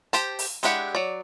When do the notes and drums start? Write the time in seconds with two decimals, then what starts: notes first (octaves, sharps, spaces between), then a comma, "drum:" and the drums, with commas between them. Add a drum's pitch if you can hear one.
0.13 G4 C5 A5, drum: hi-hat
0.39 drum: open hi-hat
0.63 G#3 D4 E4 G4 F#5, drum: hi-hat
0.95 F#3 D5